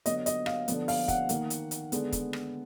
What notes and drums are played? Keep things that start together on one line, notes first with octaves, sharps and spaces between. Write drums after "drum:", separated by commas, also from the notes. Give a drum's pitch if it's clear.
D3 F#3 B3 D#5, drum: hi-hat
D#5, drum: hi-hat
F5, drum: rim click
D3 F3 B3, drum: hi-hat
F5, drum: open hi-hat
F#5, drum: kick, hi-hat
D#3 A#3, drum: hi-hat
drum: hi-hat
drum: hi-hat
D3 G#3 B3, drum: hi-hat
drum: kick, hi-hat
drum: rim click